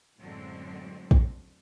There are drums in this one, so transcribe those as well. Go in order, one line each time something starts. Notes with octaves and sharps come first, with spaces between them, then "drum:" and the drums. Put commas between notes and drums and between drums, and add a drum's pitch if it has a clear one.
F#2 A2 D3 F#3 G#3 C4
drum: kick